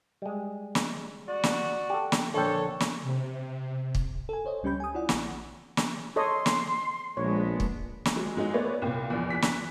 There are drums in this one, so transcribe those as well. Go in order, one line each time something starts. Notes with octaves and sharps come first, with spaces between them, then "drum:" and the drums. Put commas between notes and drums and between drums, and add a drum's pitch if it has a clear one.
G3 G#3
drum: snare
F#4 D5
drum: snare
G4 A4
drum: snare
A#1 D3 A4 C#5 G5
drum: snare
C3
drum: kick
A4 G#5
A4 C5 C#5 D#5
C#2 G3 C#4 G4 B5 G6
G#5 D#6
E4 F4 D5 F#5
A#1 F#5, drum: snare
drum: snare
A4 C#5 D#5 C6
drum: snare
A#1 G#3 B3 D4 C#5
drum: kick
drum: snare
F#3 G#3
F#3 G#3 D#4
A3 B3 B4 C#5 D5
C2 A#2 A#3 G5
A#1 E2
F#6 B6
drum: snare